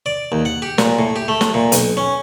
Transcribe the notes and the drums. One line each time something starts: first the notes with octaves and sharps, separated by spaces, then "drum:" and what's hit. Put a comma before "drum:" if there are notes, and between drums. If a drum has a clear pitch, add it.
D5
D#2
F#5
G4
A#2, drum: snare
A2
G4
A3
drum: snare
A#2
B1, drum: hi-hat
C#4